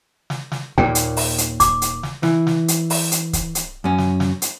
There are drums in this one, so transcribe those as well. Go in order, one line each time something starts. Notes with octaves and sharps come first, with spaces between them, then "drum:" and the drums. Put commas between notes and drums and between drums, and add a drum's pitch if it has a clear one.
drum: snare
drum: snare
D#2 A#2 G5
drum: hi-hat
drum: open hi-hat
drum: hi-hat
D6, drum: kick, hi-hat
drum: hi-hat
drum: snare
E3, drum: snare
drum: snare
drum: hi-hat
drum: open hi-hat
drum: hi-hat
drum: kick, hi-hat
drum: hi-hat
F#2 C#4
drum: snare
drum: snare
drum: hi-hat